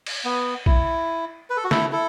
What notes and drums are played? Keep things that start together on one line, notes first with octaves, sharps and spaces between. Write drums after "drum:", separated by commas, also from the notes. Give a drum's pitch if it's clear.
drum: cymbal
B3
E4, drum: kick
B4
A4
F#4
E4 A4, drum: snare
E4 A4